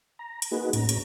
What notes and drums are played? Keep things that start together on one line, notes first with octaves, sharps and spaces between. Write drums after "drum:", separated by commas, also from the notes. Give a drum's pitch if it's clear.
A#5
drum: hi-hat
A#3 D#4 F#4 G#4 B4
A2 C#4 A#5, drum: hi-hat
drum: hi-hat